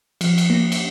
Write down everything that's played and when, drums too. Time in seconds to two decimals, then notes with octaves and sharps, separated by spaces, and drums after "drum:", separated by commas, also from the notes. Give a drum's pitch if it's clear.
0.21 F3, drum: cymbal
0.38 drum: cymbal
0.50 A#3
0.72 drum: cymbal